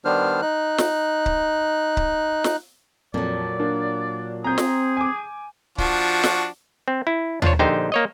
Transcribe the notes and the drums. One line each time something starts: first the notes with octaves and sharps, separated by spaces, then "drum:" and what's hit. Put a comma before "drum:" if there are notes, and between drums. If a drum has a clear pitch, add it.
D#3 G3 B3 D4 C5 F6
D#4 F#6
drum: snare
drum: kick C#1
drum: kick C#1
drum: snare
F2 A#2 F#3 D5
A#3 D4
C4 G#4 A#5 G6
drum: snare
G#5 D6
F3 D4 F#4, drum: kick C#1
drum: snare
C4
E4
D4 F4 C5 C#5, drum: tom D#2
A#1 D3 D#4 G4 C5 G5
A#3 C#5 D#5